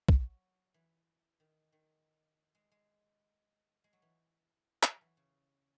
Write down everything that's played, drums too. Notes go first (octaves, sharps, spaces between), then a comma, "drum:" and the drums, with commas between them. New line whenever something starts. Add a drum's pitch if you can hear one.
F#3, drum: kick
E3
D#3
D#3
G#3
G#3
G#3
F#3
E3
drum: clap
E3 F#3
C#3